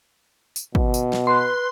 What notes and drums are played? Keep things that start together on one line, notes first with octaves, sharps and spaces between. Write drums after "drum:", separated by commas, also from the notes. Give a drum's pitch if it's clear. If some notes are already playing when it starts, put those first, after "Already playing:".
drum: tambourine
B2, drum: kick
drum: tambourine
drum: snare
B4 C6